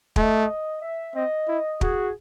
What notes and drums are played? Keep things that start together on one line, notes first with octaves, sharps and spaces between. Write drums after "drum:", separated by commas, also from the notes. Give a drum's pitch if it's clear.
A3 D#5, drum: kick
E5
C4 D#5
E4
F#4 G#4, drum: kick